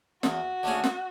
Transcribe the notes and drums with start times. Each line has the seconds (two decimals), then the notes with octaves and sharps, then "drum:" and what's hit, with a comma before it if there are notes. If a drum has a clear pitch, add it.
0.23 E2 F#4, drum: snare
0.63 D3 A3 C#4 G#4
0.84 drum: snare